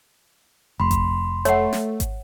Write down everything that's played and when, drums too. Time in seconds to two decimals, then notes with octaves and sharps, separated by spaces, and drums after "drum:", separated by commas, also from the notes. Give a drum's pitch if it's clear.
0.80 F1 B5 C6
0.91 drum: kick G#1, hi-hat
1.45 A3 C#5 F#5, drum: hi-hat
1.73 drum: snare
2.00 drum: kick G#1, hi-hat